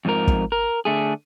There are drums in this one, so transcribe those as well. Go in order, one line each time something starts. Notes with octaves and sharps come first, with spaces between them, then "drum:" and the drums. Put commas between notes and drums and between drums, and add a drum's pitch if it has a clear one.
F2 G#2 F3 A#4
drum: kick
A#4
D3 A3 G#4